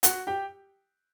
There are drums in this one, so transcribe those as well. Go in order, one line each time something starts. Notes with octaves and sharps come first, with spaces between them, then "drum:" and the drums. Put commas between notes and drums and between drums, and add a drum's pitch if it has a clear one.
F#4 F#5, drum: hi-hat
G4 G5